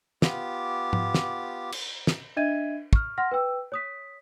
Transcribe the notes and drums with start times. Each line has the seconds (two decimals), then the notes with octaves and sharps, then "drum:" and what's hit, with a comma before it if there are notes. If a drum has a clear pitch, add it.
0.22 B3 F4 G4 D6, drum: snare
0.93 drum: tom G#2
1.14 drum: snare
1.72 drum: cymbal
2.07 drum: snare
2.37 D4 D#5 E5 G#6 D#7
2.93 C#6 F6, drum: kick
3.18 F#5 C6 F6 A#6
3.31 B4 G5 E6
3.72 C#5 D#6 B6